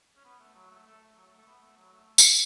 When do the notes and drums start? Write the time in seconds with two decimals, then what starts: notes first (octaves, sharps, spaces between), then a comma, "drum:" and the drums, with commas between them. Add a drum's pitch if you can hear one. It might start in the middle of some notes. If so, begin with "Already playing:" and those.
0.16 C#4
0.24 B3
0.40 A3
0.55 F#3
0.71 A3
0.86 A3
1.16 F#3
1.26 A3
1.37 A3
1.47 B3
1.62 A3
1.77 F#3
1.93 A3
2.18 drum: tambourine